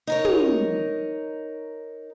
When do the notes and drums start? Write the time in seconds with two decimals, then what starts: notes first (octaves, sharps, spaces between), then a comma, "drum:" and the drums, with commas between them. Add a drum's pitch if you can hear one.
0.07 D#4 A#4 C#5
0.25 drum: tom